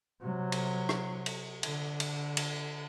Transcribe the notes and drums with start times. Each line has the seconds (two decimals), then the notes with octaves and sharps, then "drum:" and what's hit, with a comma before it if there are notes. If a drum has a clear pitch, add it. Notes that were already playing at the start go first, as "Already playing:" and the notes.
0.21 C3 F#3
0.52 drum: cymbal
0.89 drum: rim click
1.26 drum: cymbal
1.63 D3, drum: cymbal
2.00 drum: cymbal
2.37 drum: cymbal